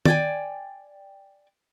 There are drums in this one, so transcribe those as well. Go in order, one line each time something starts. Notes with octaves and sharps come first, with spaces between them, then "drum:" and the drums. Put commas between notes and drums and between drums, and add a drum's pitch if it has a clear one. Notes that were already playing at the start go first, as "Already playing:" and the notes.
D5 G5 G#5, drum: tom